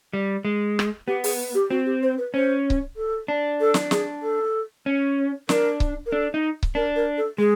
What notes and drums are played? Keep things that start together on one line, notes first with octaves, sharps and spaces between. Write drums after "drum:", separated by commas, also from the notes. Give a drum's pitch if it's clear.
G3
G#3
drum: rim click
B3 G4
G#4, drum: open hi-hat
G4
C4 F#4
G4
C5
B4
C#4 C5
drum: kick C#1
A4
D4
A4
drum: snare
G#4, drum: snare
A4
C#4
D4 A#4, drum: snare
drum: kick C#1
A#4
D4 A4
D#4
drum: kick C#1
D4 A#4
A#4
A4
G#3 G#4